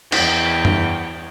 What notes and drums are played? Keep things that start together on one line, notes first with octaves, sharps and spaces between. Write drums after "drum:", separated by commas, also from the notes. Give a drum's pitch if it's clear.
E2 G5, drum: cymbal
drum: tom F#2